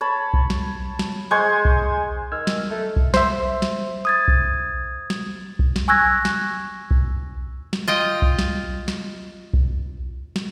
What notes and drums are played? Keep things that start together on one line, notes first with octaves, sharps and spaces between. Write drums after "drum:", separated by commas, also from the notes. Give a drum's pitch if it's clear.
C#5 A5 B5
drum: kick B1
drum: snare
drum: snare
G#3 C5 G#5 C#6
drum: kick B1
D#3 E6 F6 G#6
drum: snare
A3
drum: kick B1
C5 E5, drum: snare
drum: snare
D#6 G#6 A6
drum: kick B1
drum: snare
drum: kick B1
drum: snare
G#5 C#6 E6 F#6 G#6 A#6
drum: snare
drum: kick B1
drum: snare
F4 D#5 G5
drum: kick B1
drum: snare
drum: snare
drum: kick B1
drum: snare